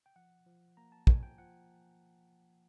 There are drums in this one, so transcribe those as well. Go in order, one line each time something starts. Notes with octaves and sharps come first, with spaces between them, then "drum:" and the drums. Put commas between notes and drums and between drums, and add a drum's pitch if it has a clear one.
G5
F3 F#5
F3
A#3 A#5
A5
F3 G#5, drum: kick
G5
F3 F#5